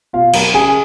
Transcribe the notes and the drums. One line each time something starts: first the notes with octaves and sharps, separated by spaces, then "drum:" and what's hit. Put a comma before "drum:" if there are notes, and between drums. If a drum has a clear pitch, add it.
B2 F4 F5
F#3 A#4 A#5, drum: cymbal
C#3 G#4 G#5